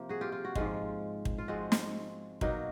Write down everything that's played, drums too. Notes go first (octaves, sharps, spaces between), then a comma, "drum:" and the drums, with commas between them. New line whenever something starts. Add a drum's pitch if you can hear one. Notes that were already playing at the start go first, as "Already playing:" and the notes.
Already playing: C3 F3 A#3
F#4 G#4
F4 G4
F4
F#4
G#2 F3 G#3 F4, drum: kick
drum: kick
F4
F3 G#3 C4 F#4
drum: snare
B2 F#3 A#3 D#4 F#4, drum: kick